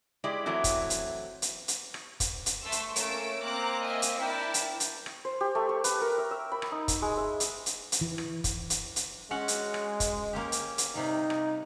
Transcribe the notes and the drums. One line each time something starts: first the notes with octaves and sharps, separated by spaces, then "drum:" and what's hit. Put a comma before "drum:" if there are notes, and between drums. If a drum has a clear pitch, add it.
G#3 E4 G4 D5
E3 F#3 A3 C4 E4
drum: kick, hi-hat
drum: hi-hat
drum: hi-hat
drum: hi-hat
drum: rim click
drum: kick, hi-hat
drum: hi-hat
A3 C6 E6
drum: hi-hat
A3 A#3 C#4 E6 D7, drum: hi-hat
A#3 C4 A#5 D6 F#6
D#5 E5 G#5
drum: hi-hat
D4 E4 A#4 G5 A5
drum: hi-hat
drum: hi-hat
drum: rim click
C5
G4
A3
C#6
B4, drum: hi-hat
A#4
E5
E6
B5
drum: rim click
D#4
drum: kick, hi-hat
G#3
E5
drum: hi-hat
drum: hi-hat
drum: hi-hat
E3
drum: rim click
drum: kick, hi-hat
drum: hi-hat
drum: hi-hat
G#3 C#4 F#4 F#5
drum: hi-hat
drum: rim click
drum: kick, hi-hat
A#3 C#4 G4
drum: hi-hat
drum: hi-hat
C3 G3 D#4
drum: rim click